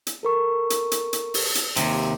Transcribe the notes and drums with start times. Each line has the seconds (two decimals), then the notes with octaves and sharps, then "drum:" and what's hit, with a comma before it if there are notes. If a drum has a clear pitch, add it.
0.07 drum: hi-hat
0.23 A4 A#4 C#6
0.70 drum: hi-hat
0.92 drum: hi-hat
1.13 drum: hi-hat
1.34 drum: open hi-hat
1.55 drum: hi-hat
1.76 D#2 G#2 C3, drum: hi-hat